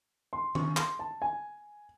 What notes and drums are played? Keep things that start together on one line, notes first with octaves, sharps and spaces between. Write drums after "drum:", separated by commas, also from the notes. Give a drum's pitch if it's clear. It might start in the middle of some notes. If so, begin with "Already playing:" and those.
C6
C#6, drum: tom D#3
C6, drum: clap
A5
G#5